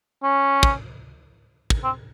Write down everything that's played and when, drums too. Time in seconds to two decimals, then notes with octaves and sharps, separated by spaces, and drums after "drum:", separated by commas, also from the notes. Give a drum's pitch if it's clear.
0.23 C#4
0.63 drum: kick
1.70 drum: kick
1.84 C4